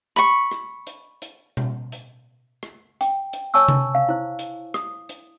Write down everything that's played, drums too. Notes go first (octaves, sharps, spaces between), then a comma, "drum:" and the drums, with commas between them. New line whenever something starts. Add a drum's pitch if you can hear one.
B5 C#6, drum: hi-hat
drum: rim click
drum: hi-hat
drum: hi-hat
drum: tom B2
drum: hi-hat
drum: rim click
G5, drum: hi-hat
drum: hi-hat
C#5 G#5 A5 C#6 E6
drum: tom C3
F5
E4 C5
drum: hi-hat
D#6, drum: rim click
drum: hi-hat